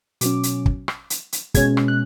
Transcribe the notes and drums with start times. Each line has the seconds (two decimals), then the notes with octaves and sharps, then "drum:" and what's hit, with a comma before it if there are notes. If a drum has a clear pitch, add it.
0.21 B2 F#3 C#4 D6, drum: hi-hat
0.43 drum: hi-hat
0.66 drum: kick
0.88 drum: rim click
1.10 drum: hi-hat
1.32 drum: hi-hat
1.54 B2 G#3 C#4 G#6, drum: kick, hi-hat
1.77 drum: rim click
1.88 F#6